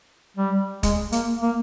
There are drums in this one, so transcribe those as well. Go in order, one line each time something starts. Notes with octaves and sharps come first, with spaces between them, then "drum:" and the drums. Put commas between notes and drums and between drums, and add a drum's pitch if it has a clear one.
G3
G#3, drum: kick, hi-hat
A#3, drum: hi-hat
A#3